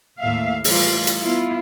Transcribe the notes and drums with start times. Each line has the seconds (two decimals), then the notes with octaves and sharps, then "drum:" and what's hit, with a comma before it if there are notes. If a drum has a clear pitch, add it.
0.19 D#2 A2 E5 F5
0.64 E3 G3 A3 F4, drum: open hi-hat
1.07 drum: hi-hat
1.21 B3 E4 F4